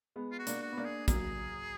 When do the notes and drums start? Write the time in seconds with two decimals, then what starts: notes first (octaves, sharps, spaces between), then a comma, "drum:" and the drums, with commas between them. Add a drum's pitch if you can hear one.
0.16 G#3 B3
0.32 F4
0.39 F#4
0.47 A#3 D4, drum: hi-hat
0.62 F#4
0.72 B3
0.77 A#3 D4
0.85 G#4
1.08 F#3 A#3 G#4, drum: kick, hi-hat